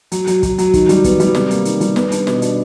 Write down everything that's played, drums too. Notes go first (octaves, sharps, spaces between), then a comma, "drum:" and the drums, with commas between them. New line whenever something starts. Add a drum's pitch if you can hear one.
F#3, drum: hi-hat
F#3, drum: hi-hat
F#3, drum: kick, hi-hat
F#3, drum: hi-hat
D#3, drum: kick, hi-hat
G3, drum: hi-hat
B3, drum: kick, hi-hat
G3, drum: hi-hat
C3, drum: snare
A#3, drum: hi-hat
D#3, drum: hi-hat
G3, drum: hi-hat
B3, drum: snare
D4, drum: hi-hat
B2, drum: snare
D4, drum: hi-hat